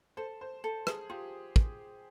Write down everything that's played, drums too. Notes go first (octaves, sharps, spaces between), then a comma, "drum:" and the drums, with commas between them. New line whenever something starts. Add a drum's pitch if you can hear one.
A4 C5
C5
A4
G#4, drum: rim click
F4 G4
drum: kick